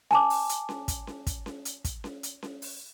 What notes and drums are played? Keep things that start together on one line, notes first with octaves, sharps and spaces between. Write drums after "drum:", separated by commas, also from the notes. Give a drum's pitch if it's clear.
G#5 A5 D6, drum: snare C#4
drum: open hi-hat
drum: hi-hat
drum: snare C#4
drum: kick, hi-hat
drum: snare C#4
drum: kick, hi-hat
drum: snare C#4
drum: hi-hat
drum: kick, hi-hat
drum: snare C#4
drum: hi-hat
drum: snare C#4
drum: open hi-hat